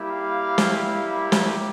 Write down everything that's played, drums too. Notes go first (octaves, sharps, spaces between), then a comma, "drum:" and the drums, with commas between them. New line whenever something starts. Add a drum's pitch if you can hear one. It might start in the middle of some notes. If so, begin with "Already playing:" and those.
Already playing: G3 A#3 E4 G4
F5
drum: snare
drum: snare